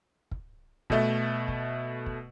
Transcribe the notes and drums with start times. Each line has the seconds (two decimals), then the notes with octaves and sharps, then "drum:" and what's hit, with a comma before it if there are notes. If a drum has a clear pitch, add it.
0.31 drum: kick
0.90 B2 A3, drum: kick
1.48 drum: kick
2.06 drum: kick